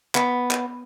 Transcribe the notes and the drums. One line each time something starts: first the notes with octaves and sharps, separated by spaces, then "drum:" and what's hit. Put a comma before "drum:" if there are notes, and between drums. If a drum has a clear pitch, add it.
B3, drum: clap
drum: clap